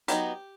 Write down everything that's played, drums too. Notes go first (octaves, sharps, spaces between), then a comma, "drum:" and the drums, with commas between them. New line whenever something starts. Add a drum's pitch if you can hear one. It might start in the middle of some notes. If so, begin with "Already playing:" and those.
F#3 B3 D#4 G4, drum: hi-hat